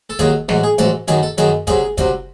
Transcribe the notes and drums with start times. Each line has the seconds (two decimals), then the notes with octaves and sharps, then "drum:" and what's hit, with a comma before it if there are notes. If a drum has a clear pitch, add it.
0.10 A4
0.19 D#2 D#3 F#3 G#4, drum: kick, hi-hat
0.49 A1 G#2 F#3, drum: snare
0.63 G#4
0.78 A1 G#2 F#3 A4, drum: hi-hat
1.08 F#2 D#3 F#3 G#4, drum: hi-hat
1.23 A4
1.38 F#2 D#3 F#3 G#4, drum: hi-hat
1.67 C2 C3 F#3 G#4, drum: kick, hi-hat
1.98 C2 C3 F#3, drum: kick, hi-hat